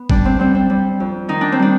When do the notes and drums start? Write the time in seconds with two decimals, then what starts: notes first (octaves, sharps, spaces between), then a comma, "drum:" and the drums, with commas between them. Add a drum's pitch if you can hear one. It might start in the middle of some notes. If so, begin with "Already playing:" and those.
Already playing: B3
0.10 G3 D4, drum: kick
0.25 C4
0.39 G3 C4
0.55 C4
0.70 G3
1.00 F2
1.28 D#3 D#4
1.41 D4
1.52 C4
1.59 G3 D4